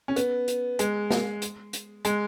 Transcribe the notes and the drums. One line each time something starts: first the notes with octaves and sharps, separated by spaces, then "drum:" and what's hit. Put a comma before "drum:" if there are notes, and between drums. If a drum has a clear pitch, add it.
C#4
B3, drum: hi-hat
drum: hi-hat
G#3, drum: hi-hat
drum: snare
drum: hi-hat
drum: hi-hat
G#3, drum: hi-hat